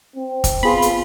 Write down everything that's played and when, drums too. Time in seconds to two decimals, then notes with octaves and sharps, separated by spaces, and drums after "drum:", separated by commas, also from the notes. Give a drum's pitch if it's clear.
0.16 C4
0.44 drum: kick, hi-hat
0.63 B3 F4 G#4 B5
0.82 drum: hi-hat